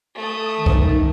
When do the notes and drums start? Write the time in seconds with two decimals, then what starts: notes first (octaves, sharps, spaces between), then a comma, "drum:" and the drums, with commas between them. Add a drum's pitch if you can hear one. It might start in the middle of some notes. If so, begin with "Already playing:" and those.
0.15 A3 A4 D#6
0.57 D#3
0.66 drum: kick